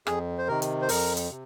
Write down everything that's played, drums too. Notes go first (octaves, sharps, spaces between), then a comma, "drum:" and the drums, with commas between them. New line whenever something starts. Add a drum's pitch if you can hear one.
F2 G#4, drum: rim click
C5
C3 D#3 A#4
drum: hi-hat
C5
F2 A#4, drum: open hi-hat
drum: hi-hat
C3